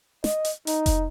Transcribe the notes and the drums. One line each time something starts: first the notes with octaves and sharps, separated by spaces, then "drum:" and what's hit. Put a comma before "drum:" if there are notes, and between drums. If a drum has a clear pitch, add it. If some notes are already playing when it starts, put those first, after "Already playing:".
D#5, drum: snare
drum: hi-hat
D#4, drum: hi-hat
drum: kick F1, hi-hat